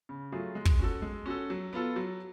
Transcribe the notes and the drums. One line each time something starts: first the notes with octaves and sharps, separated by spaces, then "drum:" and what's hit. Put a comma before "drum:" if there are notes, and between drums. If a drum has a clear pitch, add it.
C#3
F#3 A3 F4 G#4
G#3
drum: kick
C#4 F#4 A4
G#3
C#4 F#4 A4
F#3
B3 F4 A4
F#3